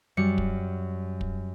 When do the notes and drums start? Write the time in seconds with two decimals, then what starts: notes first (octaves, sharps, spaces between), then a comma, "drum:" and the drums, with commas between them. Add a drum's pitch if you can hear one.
0.17 F#2 G3 C#7
0.38 drum: kick
1.21 drum: kick